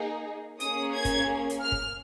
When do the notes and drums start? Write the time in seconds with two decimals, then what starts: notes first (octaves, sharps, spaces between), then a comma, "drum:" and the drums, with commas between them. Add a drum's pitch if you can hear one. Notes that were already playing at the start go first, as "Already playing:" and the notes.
Already playing: A#3 D#4 G#4
0.60 A#3 C#4 G#4 D#6, drum: hi-hat
0.94 G#6
1.05 drum: kick, hi-hat
1.50 drum: hi-hat
1.61 F6
1.72 drum: kick